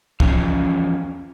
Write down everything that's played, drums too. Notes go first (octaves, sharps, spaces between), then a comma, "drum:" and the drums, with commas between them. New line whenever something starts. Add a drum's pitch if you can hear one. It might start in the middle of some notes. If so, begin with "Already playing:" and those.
E2 F3 C#4 F#4 F5, drum: kick